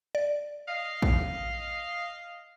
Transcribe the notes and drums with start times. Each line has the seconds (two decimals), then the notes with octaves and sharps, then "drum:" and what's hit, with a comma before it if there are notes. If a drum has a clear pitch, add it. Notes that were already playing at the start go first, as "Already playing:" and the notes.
0.15 D5
0.68 D#5 F5
1.02 drum: kick